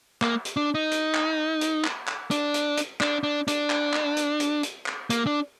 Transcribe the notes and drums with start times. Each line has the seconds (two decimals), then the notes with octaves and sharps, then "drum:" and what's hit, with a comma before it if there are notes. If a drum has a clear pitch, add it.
0.22 A#3, drum: clap
0.45 drum: hi-hat
0.57 D4
0.75 D#4
0.91 drum: hi-hat
1.15 drum: clap
1.61 drum: hi-hat
1.84 drum: clap
2.08 drum: clap
2.31 D4, drum: hi-hat
2.54 drum: hi-hat
2.77 drum: hi-hat
3.01 D4, drum: clap
3.23 D4
3.48 D4, drum: hi-hat
3.70 drum: clap
3.93 drum: clap
4.17 drum: hi-hat
4.40 drum: hi-hat
4.63 drum: hi-hat
4.86 drum: clap
5.10 A#3, drum: hi-hat
5.27 D4